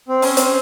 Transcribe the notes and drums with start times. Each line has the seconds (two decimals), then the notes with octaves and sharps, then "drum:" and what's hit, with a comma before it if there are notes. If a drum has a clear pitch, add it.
0.08 C4
0.22 C#4, drum: open hi-hat
0.37 C4, drum: hi-hat